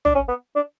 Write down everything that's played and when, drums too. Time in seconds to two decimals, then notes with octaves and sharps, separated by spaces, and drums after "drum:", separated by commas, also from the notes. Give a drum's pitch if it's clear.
0.05 D4, drum: tom A#1
0.15 C#4
0.28 B3
0.56 D4